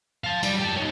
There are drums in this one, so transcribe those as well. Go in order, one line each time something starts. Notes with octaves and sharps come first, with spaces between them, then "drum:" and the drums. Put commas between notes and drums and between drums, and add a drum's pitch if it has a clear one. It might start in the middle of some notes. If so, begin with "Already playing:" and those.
F5 A5
G3, drum: cymbal
G4 A5
D#4 C#5